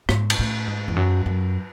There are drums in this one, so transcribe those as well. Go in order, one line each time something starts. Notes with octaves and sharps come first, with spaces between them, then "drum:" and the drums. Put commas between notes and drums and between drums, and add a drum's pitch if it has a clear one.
G#2, drum: rim click
drum: cymbal
A2
G#2
E2
F#2
F#2